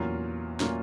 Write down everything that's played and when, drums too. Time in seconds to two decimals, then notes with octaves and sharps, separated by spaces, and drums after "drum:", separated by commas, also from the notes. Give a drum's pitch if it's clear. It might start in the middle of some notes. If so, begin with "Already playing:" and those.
Already playing: E2 A#2 F#3 A#3 C#4 F4
0.60 A#2 F#3 A#3 C#4 F4, drum: snare